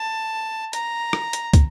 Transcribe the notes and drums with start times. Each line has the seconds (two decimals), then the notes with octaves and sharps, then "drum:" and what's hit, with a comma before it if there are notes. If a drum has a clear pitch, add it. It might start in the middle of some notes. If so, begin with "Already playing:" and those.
Already playing: A5
0.73 A#5, drum: hi-hat
1.13 drum: rim click
1.33 drum: hi-hat
1.53 drum: kick, hi-hat